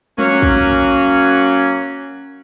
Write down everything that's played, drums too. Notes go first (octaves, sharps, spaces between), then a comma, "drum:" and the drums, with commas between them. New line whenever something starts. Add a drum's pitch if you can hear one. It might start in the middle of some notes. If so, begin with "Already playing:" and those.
F#3 A#3 C#4, drum: tom G3
drum: kick